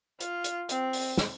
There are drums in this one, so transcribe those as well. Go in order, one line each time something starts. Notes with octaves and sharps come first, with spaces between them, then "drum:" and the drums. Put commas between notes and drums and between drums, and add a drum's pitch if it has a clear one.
F4, drum: hi-hat
drum: hi-hat
C4, drum: hi-hat
drum: open hi-hat
drum: snare